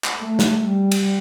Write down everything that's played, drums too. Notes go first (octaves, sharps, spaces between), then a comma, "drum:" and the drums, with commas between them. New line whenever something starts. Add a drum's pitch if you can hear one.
drum: clap
A3
drum: snare
G3
drum: cymbal